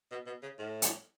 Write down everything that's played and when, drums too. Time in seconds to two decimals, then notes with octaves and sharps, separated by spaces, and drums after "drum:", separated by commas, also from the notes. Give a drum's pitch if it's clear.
0.12 B2
0.27 B2
0.43 C#3
0.59 A2
0.82 drum: hi-hat